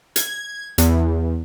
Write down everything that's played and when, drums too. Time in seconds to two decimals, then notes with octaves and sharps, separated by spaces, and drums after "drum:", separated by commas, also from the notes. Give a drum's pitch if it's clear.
0.16 G#6, drum: hi-hat
0.78 E2, drum: hi-hat